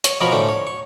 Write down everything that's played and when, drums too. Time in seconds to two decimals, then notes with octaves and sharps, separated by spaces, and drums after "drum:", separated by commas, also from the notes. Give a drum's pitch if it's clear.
0.04 C#5, drum: hi-hat
0.21 B2 F3 C#4 A#4 F#5 B5
0.32 A2 D3 C#4 C5
0.49 C#5
0.67 C#6